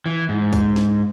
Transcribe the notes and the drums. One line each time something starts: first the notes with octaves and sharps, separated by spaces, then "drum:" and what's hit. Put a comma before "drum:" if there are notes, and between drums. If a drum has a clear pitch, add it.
E3
G#2
drum: kick C2, tambourine
drum: snare